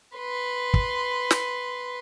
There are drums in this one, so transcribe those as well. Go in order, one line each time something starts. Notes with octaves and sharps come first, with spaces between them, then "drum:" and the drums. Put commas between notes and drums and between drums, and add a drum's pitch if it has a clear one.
B4 C6
drum: kick
drum: snare